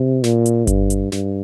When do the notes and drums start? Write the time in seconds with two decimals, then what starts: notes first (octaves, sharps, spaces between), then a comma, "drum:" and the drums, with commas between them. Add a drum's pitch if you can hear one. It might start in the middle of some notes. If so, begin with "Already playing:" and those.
Already playing: C3
0.24 A#2, drum: snare
0.46 drum: hi-hat
0.67 G2, drum: kick G1, hi-hat
0.90 drum: hi-hat
1.12 G2, drum: snare